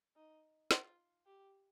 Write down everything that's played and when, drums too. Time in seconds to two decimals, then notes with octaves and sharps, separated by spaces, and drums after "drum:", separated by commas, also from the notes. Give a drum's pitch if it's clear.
0.16 D#4
0.71 F4, drum: snare
1.26 G4